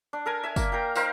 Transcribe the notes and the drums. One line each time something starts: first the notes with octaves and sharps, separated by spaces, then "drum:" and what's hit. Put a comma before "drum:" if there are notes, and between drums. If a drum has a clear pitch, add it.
D4
A4 A#4 G#5
E5 G#5
A#3, drum: kick, tambourine
A#4 F5 G5
D#4 A#4 C5 F5, drum: tambourine